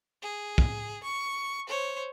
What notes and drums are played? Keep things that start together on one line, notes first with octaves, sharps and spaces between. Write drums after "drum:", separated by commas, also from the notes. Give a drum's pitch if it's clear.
G#4
drum: kick
C#6
C5 C#5